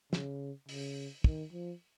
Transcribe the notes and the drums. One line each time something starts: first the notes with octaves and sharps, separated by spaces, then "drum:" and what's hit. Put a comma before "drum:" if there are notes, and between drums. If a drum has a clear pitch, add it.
C#3, drum: snare
C#3, drum: open hi-hat
D#3, drum: kick
F3